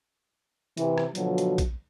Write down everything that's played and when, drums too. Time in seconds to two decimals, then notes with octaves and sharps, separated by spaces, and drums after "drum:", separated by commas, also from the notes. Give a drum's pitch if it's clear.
0.77 C3 E3, drum: hi-hat
0.98 drum: rim click
1.15 B2 D3 F3 F#3, drum: hi-hat
1.38 drum: hi-hat
1.58 drum: kick A#1, hi-hat